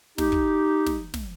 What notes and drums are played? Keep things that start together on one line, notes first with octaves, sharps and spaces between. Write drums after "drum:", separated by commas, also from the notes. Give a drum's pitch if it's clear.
D#4 G4, drum: snare
drum: kick
drum: snare
drum: snare